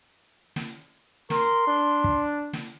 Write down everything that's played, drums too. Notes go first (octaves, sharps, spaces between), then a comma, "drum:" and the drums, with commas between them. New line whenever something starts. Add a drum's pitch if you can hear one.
drum: snare
A#4 C6, drum: snare
D4
drum: kick
drum: snare